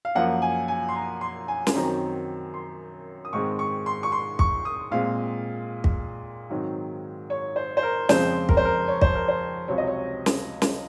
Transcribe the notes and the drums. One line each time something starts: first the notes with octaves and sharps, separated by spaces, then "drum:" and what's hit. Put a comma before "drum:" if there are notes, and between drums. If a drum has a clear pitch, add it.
F5
F#2 F3 A#3 F#5
G#5
G#5
C6
A#5
C6
G#5
G#5, drum: snare
F#2 D#3 F#3 C4 A#5
C6
D#6
G#2 D#3 G#3 C4 C#6
C#6
C6
C#6
C6
C#6, drum: kick
D#6
A#2 G#3 C4 F5
drum: kick
G#2 D#3 F#3 C4
C#5
C5
C5
A#4
F2 C#3 G#3 C4 C5, drum: snare
A#4, drum: kick
C5
A#4
C#5
C5, drum: kick
A#4
C5
C#2 C3 F#3 C4 C#5
D#5
C#5
drum: snare
drum: snare